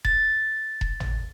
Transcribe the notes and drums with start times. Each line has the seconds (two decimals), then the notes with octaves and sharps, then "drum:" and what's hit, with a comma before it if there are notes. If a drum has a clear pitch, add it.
0.05 A6, drum: kick E1
0.81 drum: kick E1
1.00 drum: tom G#1